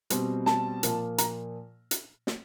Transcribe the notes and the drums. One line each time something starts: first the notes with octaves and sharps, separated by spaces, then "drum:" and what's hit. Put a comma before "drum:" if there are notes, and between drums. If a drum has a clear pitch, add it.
B2 G3 C4, drum: hi-hat
A5, drum: snare
A#2 F3 A#3, drum: hi-hat
A#5, drum: hi-hat
drum: hi-hat
drum: snare